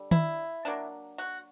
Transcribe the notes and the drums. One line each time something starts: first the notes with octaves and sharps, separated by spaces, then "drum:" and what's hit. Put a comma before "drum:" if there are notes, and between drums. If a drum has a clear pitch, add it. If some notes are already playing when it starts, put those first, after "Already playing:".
Already playing: D3 G3
E4, drum: tom D#3
F#3 A#3 D4
F#4